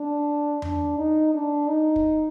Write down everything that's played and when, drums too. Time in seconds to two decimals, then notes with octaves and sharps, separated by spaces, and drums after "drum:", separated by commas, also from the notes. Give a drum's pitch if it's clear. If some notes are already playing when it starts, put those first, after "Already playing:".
Already playing: D4
0.62 D4, drum: tom E2
0.98 D#4
1.34 D4
1.68 D#4
1.96 drum: kick